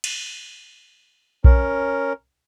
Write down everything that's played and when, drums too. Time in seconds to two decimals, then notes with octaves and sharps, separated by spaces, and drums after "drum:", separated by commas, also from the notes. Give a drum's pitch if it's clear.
0.04 drum: cymbal
1.44 C#4 A#4, drum: kick A#1